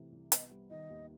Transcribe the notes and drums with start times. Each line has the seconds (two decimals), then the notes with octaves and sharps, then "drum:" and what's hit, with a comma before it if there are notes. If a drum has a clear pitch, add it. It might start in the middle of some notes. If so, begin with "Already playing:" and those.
Already playing: C3 E3 A3
0.12 C2
0.32 B3 D#5, drum: hi-hat
0.51 G3
0.70 D#3 D#5
0.90 D#2